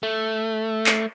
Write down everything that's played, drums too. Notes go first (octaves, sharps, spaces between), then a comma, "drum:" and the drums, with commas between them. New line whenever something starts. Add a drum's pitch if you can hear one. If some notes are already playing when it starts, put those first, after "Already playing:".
A3
drum: clap